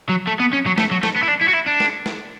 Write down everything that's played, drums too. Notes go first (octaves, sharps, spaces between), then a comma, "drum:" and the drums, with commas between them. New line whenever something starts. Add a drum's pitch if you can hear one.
F#3
A3
B3
C#4
F#3
A3, drum: snare
F#3
A3, drum: snare
B3
E4
D4
E4
F#4
E4
D4
drum: snare
drum: snare